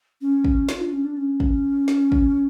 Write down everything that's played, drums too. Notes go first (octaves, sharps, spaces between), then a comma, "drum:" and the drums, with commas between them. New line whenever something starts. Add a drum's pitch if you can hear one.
C#4
drum: kick
F4, drum: snare
D4
C#4
D4
C#4
drum: kick
drum: snare
drum: kick